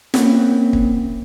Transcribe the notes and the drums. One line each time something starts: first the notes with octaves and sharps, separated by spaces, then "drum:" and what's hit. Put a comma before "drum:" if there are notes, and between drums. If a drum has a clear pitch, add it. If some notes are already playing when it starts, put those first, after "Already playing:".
A#3 C4 C#4, drum: snare
drum: kick